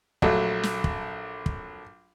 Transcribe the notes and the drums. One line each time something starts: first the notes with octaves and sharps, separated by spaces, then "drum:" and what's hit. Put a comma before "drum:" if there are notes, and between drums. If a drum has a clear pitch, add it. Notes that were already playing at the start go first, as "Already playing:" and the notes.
A#1 F#3 A3, drum: kick
drum: snare
drum: kick
drum: kick